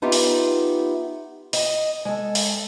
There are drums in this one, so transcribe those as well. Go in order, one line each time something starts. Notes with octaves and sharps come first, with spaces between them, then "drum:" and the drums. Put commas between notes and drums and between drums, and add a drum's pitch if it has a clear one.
B3 D#4 F4 G4 E5
drum: open hi-hat
D#5, drum: open hi-hat
G#3 A4
drum: open hi-hat